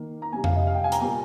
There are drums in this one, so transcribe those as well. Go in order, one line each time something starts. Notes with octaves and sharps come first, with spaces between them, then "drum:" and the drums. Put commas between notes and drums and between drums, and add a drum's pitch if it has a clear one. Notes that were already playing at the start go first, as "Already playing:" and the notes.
Already playing: D#3 A#3
A#5
C3 G3 A#3 G#5
F5, drum: tom F2
D#5
F5
G5
G#5
A#5, drum: hi-hat
A#2 G3 A#3 G#5